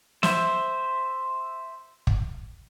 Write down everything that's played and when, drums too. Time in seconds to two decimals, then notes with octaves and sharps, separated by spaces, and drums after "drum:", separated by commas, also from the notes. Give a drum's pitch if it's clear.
0.23 C5 E5, drum: snare
2.07 drum: kick